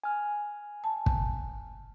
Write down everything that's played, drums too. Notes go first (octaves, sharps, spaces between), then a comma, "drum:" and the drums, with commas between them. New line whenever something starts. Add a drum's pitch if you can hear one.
G#5 F6
A5
drum: kick